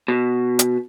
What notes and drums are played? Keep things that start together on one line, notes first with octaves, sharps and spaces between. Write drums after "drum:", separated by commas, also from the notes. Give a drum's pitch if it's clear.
B2
drum: hi-hat